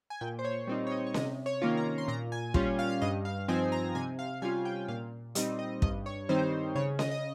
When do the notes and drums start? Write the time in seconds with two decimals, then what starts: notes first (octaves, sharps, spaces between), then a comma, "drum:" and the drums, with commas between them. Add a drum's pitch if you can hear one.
0.10 G#5
0.21 A#2 G5
0.39 C5
0.45 C#5
0.67 G3 C4 D#4
0.87 C#5
0.92 D#5
1.07 C#5
1.14 C3 D#5, drum: snare C#4
1.46 C#5
1.62 D#3 A#3 C#4 F4
1.77 A#5
1.98 C6
2.08 A#2 A#5
2.32 G#5
2.54 G3 C#4 F4, drum: kick
2.79 F5
2.90 F5
3.02 G2 D#5
3.25 F5
3.48 F3 C4 D#4 G#5
3.72 A#5
3.95 C3 G#5
4.19 F5
4.42 G3 C#4 F4 G#5
4.65 G5
4.88 A#2 F5
5.35 G3 C4 D#4 D#5, drum: hi-hat
5.59 D#5
5.82 G2 D#5, drum: kick
6.06 C#5
6.29 D#3 G3 C4 D#4 C5
6.75 C#3 C#5
6.99 D#5, drum: snare C#4
7.11 D#5